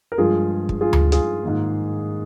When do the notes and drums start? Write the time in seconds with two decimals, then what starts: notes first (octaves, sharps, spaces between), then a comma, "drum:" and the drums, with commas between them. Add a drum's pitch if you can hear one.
0.12 A#4
0.18 G2 F3 G#3 F4 G#4
0.69 drum: kick
0.81 F4 G#4
0.93 drum: tom D2
1.12 F4 G#4, drum: hi-hat
1.43 G#2 D#3 A#3